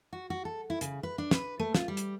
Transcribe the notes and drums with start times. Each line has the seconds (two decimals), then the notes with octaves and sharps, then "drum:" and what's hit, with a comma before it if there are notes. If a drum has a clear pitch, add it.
0.13 F#4
0.30 F#4
0.45 A4
0.70 E4
0.81 C#3, drum: hi-hat
1.03 B4
1.18 D4
1.31 B4, drum: snare
1.59 A3
1.75 F4, drum: snare
1.88 G3
1.97 drum: hi-hat